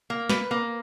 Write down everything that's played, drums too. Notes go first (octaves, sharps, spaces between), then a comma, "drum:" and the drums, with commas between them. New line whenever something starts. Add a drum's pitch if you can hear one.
A#3
B4, drum: snare
A#3